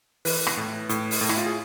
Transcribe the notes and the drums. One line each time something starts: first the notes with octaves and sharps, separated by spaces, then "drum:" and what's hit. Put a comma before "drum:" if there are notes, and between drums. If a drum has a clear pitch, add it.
E3 B4, drum: open hi-hat
drum: rim click
A2
A2, drum: hi-hat
drum: open hi-hat
A2
E4, drum: rim click
F4
G#4